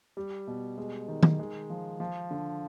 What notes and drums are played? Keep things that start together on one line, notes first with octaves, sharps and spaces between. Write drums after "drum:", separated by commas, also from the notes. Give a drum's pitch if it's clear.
G3
B2
G#3
D#3
drum: tom D#3
G#3
F3
F3
D3